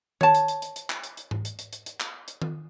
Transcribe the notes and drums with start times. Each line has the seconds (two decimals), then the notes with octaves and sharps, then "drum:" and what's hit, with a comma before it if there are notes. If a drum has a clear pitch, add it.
0.21 C#5 A5, drum: tom D#3
0.35 drum: hi-hat
0.48 drum: hi-hat
0.62 drum: hi-hat
0.76 drum: hi-hat
0.90 drum: clap
1.04 drum: hi-hat
1.17 drum: hi-hat
1.31 drum: tom G#2
1.45 drum: hi-hat
1.59 drum: hi-hat
1.73 drum: hi-hat
1.86 drum: hi-hat
2.00 drum: clap
2.28 drum: hi-hat
2.42 drum: tom D#3